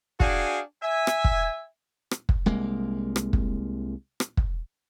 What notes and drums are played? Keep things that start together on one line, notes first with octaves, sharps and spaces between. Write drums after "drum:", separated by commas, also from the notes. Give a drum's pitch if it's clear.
D4 F#4 G#4 F5 G5 G#5, drum: kick
E5 G#5
drum: rim click
drum: kick
drum: rim click
drum: kick
C2 G#3 A#3
drum: rim click
drum: kick
drum: rim click
drum: kick